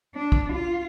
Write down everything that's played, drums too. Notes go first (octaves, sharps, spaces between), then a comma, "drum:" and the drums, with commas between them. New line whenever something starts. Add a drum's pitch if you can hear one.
D4
drum: kick
F4